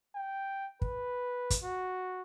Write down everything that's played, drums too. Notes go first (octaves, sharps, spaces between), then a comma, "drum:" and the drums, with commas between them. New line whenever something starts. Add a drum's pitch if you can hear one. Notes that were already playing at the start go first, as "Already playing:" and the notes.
G5
B4, drum: kick
drum: kick, hi-hat
F#4